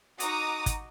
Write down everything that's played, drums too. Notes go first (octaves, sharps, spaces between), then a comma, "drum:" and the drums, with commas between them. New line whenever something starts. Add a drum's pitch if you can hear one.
D#4 F#4 A#5 D6 D#6, drum: hi-hat
drum: kick, hi-hat